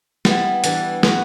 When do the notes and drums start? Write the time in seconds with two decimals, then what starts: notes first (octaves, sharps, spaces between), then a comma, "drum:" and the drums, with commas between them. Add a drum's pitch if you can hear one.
0.25 G3 B3 E4, drum: snare
0.64 E3 G3 D4, drum: hi-hat
1.03 E3 B3 F#4 B4, drum: snare